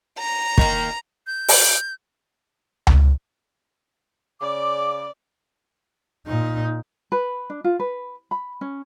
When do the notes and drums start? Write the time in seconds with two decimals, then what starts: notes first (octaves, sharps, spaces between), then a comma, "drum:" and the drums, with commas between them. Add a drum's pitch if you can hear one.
0.19 A#5
0.58 D#3 A#3, drum: kick
1.27 G6
1.48 drum: open hi-hat
2.87 drum: tom C#2
4.41 C#3 D5 D6
6.26 A#2 D#4
7.12 B4
7.50 D4
7.64 F4
7.80 B4
8.31 B5
8.61 C#4